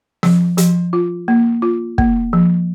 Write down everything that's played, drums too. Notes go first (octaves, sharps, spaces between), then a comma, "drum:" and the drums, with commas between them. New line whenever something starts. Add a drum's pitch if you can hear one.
F3, drum: snare
F3, drum: hi-hat
F4
A#3
F4
A#3, drum: kick
F3